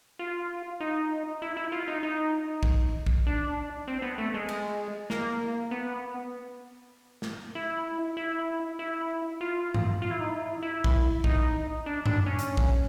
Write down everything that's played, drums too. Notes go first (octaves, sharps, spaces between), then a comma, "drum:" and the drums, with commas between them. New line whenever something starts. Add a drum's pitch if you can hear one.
F4
D#4
E4
E4
F4
D#4
D#4
drum: kick
drum: kick
D4
C4
B3
A3
G#3
drum: cymbal
A#3, drum: snare
B3
drum: snare
E4
E4
E4
F4
drum: tom G2
F4
E4
D#4
E4
E4
drum: kick
D#4, drum: kick
D4
D4, drum: tom F#2
C#4
drum: hi-hat
drum: kick